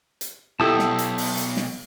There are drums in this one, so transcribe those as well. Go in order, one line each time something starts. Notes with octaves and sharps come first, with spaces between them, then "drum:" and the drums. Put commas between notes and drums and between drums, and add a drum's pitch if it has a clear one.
drum: hi-hat
B1 E4 G4 A4 A5 D#6 E6
drum: snare
drum: hi-hat
drum: open hi-hat
drum: hi-hat
drum: snare